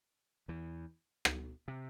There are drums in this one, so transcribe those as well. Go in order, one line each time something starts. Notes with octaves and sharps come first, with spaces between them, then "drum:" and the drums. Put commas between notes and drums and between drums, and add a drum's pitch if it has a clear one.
E2 E3
drum: rim click
C3